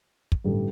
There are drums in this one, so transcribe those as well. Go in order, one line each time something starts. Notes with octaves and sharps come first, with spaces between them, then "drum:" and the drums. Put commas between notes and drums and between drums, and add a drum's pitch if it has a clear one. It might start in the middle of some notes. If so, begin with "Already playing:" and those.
drum: kick
A1 G2 D3 G3 A4